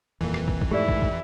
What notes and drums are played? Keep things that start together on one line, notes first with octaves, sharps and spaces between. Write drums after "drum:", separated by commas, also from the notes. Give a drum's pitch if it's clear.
D#1 F2 E3 A#3
drum: rim click
drum: kick
drum: kick
G#2 A3 E4 G4 D5
drum: kick
drum: kick